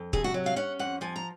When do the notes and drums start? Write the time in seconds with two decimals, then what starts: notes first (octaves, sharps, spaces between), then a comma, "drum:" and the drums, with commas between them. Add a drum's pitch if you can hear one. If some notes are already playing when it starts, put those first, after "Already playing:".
Already playing: F2
0.13 C3 G#4, drum: kick D#1
0.24 F#4
0.34 F#3
0.46 F5
0.56 C#4 F#5
0.79 F2 F#5
1.01 F3 G#5
1.16 A#5